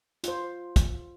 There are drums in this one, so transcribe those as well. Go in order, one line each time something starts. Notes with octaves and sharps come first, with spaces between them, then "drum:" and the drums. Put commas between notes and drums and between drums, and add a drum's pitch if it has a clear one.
F4 C5, drum: hi-hat
drum: kick, hi-hat